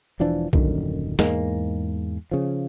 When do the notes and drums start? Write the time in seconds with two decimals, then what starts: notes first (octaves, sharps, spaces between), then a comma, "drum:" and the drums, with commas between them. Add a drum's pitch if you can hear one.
0.20 E1 E3 F3 D4
0.53 D#1 F#2 D3 D#3, drum: kick B1
1.19 E2 G#2 G#3 A#3, drum: snare
2.31 C#3 F3